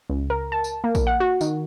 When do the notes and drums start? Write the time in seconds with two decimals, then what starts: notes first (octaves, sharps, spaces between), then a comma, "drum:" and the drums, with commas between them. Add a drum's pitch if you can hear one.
0.10 C#2
0.30 A#4
0.52 A5
0.64 drum: tambourine
0.84 A#3
0.95 drum: kick, tambourine
1.07 F#5
1.20 F#4
1.41 D#3, drum: tambourine